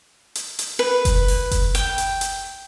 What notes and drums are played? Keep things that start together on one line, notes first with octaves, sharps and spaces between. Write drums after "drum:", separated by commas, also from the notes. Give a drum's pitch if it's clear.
drum: hi-hat
drum: hi-hat
B4
drum: kick F#1, hi-hat
drum: open hi-hat
drum: kick F#1, hi-hat
G5, drum: hi-hat
drum: hi-hat
drum: hi-hat